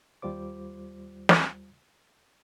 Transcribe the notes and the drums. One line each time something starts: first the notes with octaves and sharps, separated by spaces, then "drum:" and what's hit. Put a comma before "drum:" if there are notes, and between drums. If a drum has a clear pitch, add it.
D#2 G3 F4 C5 D6
drum: snare